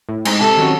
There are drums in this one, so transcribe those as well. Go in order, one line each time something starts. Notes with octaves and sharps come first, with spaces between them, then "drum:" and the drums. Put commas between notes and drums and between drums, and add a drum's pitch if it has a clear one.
A2
G#3 C4 D#4, drum: cymbal
C3 A4
D#3 F#3 C#4 F#4